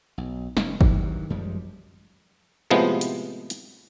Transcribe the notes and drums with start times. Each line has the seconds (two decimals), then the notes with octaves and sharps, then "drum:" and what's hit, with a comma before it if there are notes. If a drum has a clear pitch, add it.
0.18 B1
0.57 F1 C#4, drum: snare
0.81 G2 D#3 E3 F#3, drum: kick G1
1.30 F#2 F3 G3 G#3
2.71 A2 C3 F3 G#3 B3
3.01 drum: hi-hat
3.50 drum: hi-hat